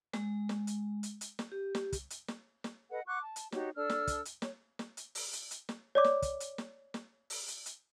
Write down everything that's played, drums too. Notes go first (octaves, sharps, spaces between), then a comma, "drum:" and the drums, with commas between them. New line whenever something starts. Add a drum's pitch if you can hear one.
G#3, drum: snare
drum: snare
drum: hi-hat
drum: hi-hat
drum: hi-hat
drum: snare
G4
drum: snare
drum: kick, hi-hat
drum: hi-hat
drum: snare
drum: snare
A4 B4 D#5 F#5
F#5 C#6 D6 F#6
A5
drum: hi-hat
D#4 F#4 G4 C#5, drum: snare
D4 A4 E6 F6
drum: snare
drum: kick, hi-hat
drum: hi-hat
C#5, drum: snare
drum: snare
drum: hi-hat
drum: open hi-hat
drum: hi-hat
drum: hi-hat
drum: snare
C#5 D5 D6
drum: snare
drum: kick, hi-hat
drum: hi-hat
drum: snare
drum: snare
drum: open hi-hat
drum: hi-hat
drum: hi-hat